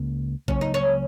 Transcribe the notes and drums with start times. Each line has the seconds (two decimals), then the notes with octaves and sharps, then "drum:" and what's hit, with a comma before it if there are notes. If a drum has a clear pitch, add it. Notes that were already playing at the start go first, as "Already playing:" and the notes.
Already playing: C#2 C#3 A#3
0.48 C#2 C#3 F#3 A#3 C#4, drum: kick
0.61 D#4
0.74 C#4